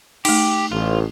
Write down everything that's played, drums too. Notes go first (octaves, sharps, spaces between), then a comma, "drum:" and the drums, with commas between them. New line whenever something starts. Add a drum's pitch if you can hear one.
A3 D#4 G4, drum: cymbal
A1 F4